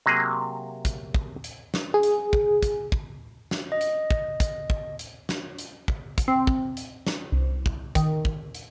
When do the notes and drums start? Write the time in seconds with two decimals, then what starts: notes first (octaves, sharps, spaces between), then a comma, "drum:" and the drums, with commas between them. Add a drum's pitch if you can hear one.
0.06 C3 F#3 A#3 G#4
0.85 drum: kick, hi-hat
1.14 drum: kick
1.44 drum: hi-hat
1.74 drum: snare
1.94 G#4
2.03 drum: hi-hat
2.33 drum: kick
2.62 drum: kick, hi-hat
2.92 drum: kick
3.51 drum: snare
3.72 D#5
3.81 drum: hi-hat
4.11 drum: kick
4.40 drum: kick, hi-hat
4.70 drum: kick
4.99 drum: hi-hat
5.29 drum: snare
5.59 drum: hi-hat
5.88 drum: kick
6.18 drum: kick, hi-hat
6.28 C4
6.47 drum: kick
6.77 drum: hi-hat
7.07 drum: snare
7.32 C2
7.66 drum: kick
7.95 D#3, drum: kick, hi-hat
8.25 drum: kick
8.55 drum: hi-hat